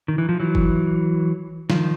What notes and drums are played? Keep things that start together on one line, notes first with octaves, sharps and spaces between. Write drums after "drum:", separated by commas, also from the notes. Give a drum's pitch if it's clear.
D#3
E3
F3
E3 F#3
drum: kick G1
D#3 F3, drum: snare